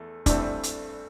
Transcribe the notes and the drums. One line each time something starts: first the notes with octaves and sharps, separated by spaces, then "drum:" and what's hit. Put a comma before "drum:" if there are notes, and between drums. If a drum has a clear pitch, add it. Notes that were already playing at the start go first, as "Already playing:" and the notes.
Already playing: E2 A3
G2 E3 A3 C4 D4, drum: kick, hi-hat
drum: hi-hat